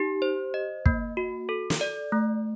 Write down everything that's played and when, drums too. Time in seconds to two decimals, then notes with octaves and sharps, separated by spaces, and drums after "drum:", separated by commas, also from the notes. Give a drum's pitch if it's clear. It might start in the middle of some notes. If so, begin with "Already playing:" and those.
Already playing: D#4 G4
0.22 C5
0.54 D#5
0.86 A#3, drum: kick
1.17 F#4
1.49 A4
1.70 drum: snare
1.81 D5
2.12 A3